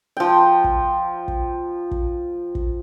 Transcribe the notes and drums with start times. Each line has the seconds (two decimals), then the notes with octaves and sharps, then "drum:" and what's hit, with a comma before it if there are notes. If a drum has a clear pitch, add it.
0.17 F3 G5
0.64 drum: kick
1.28 drum: kick
1.91 drum: kick
2.55 drum: kick